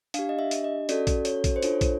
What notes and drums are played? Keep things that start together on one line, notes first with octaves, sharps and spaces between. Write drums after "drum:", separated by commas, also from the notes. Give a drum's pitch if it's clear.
D4 G4 F5, drum: hi-hat
D#5
E5
drum: hi-hat
D#5
C#4 F#4 A4 D5, drum: hi-hat
drum: kick, hi-hat
C#5, drum: hi-hat
drum: kick, hi-hat
C5
D4 F4 A4 C#5, drum: hi-hat
drum: kick, hi-hat